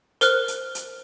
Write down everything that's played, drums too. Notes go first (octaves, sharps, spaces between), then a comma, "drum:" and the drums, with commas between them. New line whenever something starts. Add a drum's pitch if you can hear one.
A#4 C5 F6 F#6, drum: hi-hat
drum: hi-hat
drum: hi-hat